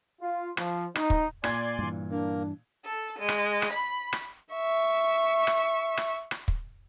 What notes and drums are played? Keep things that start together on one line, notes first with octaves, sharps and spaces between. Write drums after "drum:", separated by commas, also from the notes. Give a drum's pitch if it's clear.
F4
F3, drum: rim click
D#4, drum: rim click
drum: kick
A#2 D5 G#5 C6 G#6, drum: rim click
G2 E3
A#3 D4
A4
G#3
drum: rim click
drum: rim click
B5
drum: rim click
E5 C#6
drum: rim click
drum: rim click
drum: rim click
drum: kick